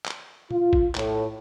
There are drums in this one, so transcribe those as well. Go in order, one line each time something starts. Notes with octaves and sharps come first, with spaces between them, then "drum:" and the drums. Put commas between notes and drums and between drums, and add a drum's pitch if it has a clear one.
drum: clap
F4, drum: tom
drum: kick A1
A2, drum: clap